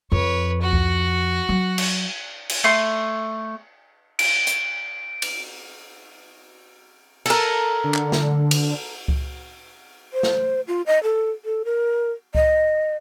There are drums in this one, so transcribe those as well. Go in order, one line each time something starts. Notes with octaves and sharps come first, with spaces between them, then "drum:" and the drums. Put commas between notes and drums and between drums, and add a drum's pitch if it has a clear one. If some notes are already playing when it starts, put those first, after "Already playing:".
F2 B4 C#5
F#4 F#5
drum: kick C#2
F#3
drum: cymbal
drum: cymbal
A3 C6
D7, drum: cymbal
drum: hi-hat
drum: cymbal
A4 A#4, drum: cymbal
D3
drum: clap
drum: snare
drum: cymbal
drum: kick C#2
C5
drum: snare
F4
D#5
A4
A4
A#4
D#5, drum: kick C#2